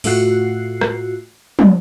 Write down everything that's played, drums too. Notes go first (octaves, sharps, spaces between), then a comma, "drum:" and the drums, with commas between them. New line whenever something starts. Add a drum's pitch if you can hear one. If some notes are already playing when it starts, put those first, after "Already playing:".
A2 A3 F4 F#4 F#6 C7, drum: open hi-hat
drum: rim click
drum: tom